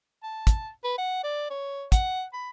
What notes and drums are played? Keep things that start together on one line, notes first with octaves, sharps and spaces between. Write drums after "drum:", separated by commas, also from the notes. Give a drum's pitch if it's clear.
A5
drum: kick, hi-hat
B4
F#5
D5
C#5
F#5, drum: kick, hi-hat
B5